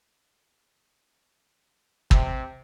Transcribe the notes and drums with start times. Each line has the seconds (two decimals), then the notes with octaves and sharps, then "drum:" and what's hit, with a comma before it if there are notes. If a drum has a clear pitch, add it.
2.11 C3, drum: kick